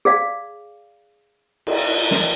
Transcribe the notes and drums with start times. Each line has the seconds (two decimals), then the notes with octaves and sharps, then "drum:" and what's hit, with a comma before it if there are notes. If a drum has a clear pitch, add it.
0.05 G#4 D5 F5
1.67 drum: cymbal
2.11 drum: snare